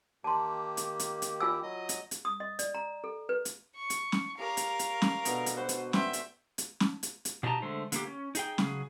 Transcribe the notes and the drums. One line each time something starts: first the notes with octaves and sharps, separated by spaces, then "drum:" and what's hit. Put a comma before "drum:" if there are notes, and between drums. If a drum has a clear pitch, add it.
D#3 A#3 G4 A5 C6
drum: hi-hat
drum: hi-hat
drum: hi-hat
F4 G#5 E6
F#3 D#5 D#6
drum: hi-hat
drum: hi-hat
D#6
D#5
D5, drum: hi-hat
A#5
A4
B4
drum: hi-hat
C#6
drum: hi-hat
drum: snare
G4 A#4 C#5 F5
drum: hi-hat
drum: hi-hat
drum: snare
B2 D3, drum: hi-hat
drum: hi-hat
F#4 B4 C5 F#5
drum: hi-hat
C5 E5 G5, drum: snare
drum: hi-hat
drum: hi-hat
drum: snare
drum: hi-hat
drum: hi-hat
B2 D4 D#4 G4 A5 A#5
D3 G#3 A3 C5
D3 A#3 G4, drum: hi-hat
C#4
D#4 G#4 G5, drum: hi-hat
C#3 F#3 G#4, drum: snare